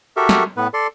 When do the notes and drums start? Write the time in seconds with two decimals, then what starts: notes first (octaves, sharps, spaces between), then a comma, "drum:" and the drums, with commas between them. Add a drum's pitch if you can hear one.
0.17 F#4 G4 A4 A#4 E5
0.29 drum: snare
0.57 A2 B3 B4
0.74 A4 D5 C6